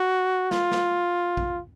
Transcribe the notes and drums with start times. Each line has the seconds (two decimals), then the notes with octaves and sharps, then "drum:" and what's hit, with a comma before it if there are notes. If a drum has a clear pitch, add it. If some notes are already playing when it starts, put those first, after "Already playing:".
Already playing: F#4
0.51 F4, drum: snare
0.72 drum: snare
1.37 drum: kick A#1